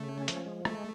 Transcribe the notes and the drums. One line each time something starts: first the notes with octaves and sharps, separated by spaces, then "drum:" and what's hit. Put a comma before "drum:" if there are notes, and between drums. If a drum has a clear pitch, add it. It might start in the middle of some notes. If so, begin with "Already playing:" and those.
Already playing: C#3 A3
C#4
F3, drum: hi-hat
G#3
G#3 A3, drum: rim click